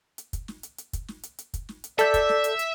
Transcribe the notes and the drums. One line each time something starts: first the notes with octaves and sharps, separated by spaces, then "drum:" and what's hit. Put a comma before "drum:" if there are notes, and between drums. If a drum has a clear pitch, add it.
drum: hi-hat
drum: kick, hi-hat
drum: snare
drum: hi-hat
drum: hi-hat
drum: kick, hi-hat
drum: snare
drum: hi-hat
drum: hi-hat
drum: kick, hi-hat
drum: snare
drum: hi-hat
A4 D5 E5 G6, drum: hi-hat
drum: kick, hi-hat
drum: snare
drum: hi-hat
drum: hi-hat